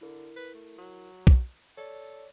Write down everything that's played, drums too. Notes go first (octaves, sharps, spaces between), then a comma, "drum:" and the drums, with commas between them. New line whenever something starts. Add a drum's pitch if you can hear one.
D3 E4 A#4
B4
A3
F#3
drum: kick
A4 C#5 D5